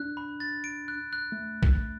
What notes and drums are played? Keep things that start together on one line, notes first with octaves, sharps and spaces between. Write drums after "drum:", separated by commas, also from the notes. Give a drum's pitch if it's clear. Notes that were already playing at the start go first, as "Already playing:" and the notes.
Already playing: D4 F#6
B5
A6
D7
F#6
F#6
A3
drum: kick A#1